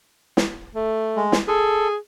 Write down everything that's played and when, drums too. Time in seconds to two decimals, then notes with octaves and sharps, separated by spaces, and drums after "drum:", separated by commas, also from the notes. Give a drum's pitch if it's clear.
0.37 drum: snare
0.75 A3
1.16 G#3
1.32 drum: snare
1.48 G#4 A4